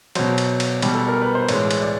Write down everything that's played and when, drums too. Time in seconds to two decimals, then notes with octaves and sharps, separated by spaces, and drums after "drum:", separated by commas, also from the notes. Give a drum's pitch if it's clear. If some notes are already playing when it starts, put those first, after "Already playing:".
0.15 B2 F#3 C5, drum: cymbal
0.38 drum: cymbal
0.60 drum: cymbal
0.82 B2 G3, drum: cymbal
0.94 A4
1.08 A#4
1.22 B4
1.35 C5
1.49 A2 E3 G#3 C#5, drum: cymbal
1.71 drum: cymbal
1.82 D5